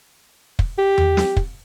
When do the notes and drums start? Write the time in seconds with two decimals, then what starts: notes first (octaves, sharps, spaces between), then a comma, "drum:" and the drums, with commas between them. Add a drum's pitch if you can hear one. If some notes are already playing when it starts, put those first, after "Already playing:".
0.59 drum: kick
0.78 G4
0.98 drum: tom E2
1.17 drum: snare
1.37 drum: kick